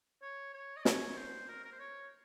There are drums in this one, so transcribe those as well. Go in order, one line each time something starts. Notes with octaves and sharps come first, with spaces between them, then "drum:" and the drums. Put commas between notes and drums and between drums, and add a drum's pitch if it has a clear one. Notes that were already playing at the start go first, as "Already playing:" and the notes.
C#5
C#5
D#5
C#5, drum: snare
C5
A#4
A#4
C5
C#5